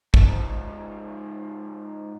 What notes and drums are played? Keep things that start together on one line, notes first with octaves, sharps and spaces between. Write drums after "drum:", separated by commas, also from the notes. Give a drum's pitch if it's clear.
G#2 F3, drum: kick